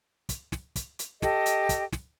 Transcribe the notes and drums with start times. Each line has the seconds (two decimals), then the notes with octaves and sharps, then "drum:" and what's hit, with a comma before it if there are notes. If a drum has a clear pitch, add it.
0.29 drum: kick, hi-hat
0.52 drum: snare
0.76 drum: kick, hi-hat
0.99 drum: hi-hat
1.22 G4 A4 D#5, drum: snare
1.46 drum: hi-hat
1.69 drum: kick, hi-hat
1.92 drum: snare